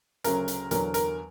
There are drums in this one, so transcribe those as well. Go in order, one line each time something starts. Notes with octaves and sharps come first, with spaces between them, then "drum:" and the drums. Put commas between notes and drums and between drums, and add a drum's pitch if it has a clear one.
D2 C#3 F#3 A#4, drum: hi-hat
drum: hi-hat
E2 D3 F#3 A#4, drum: hi-hat
A#4, drum: hi-hat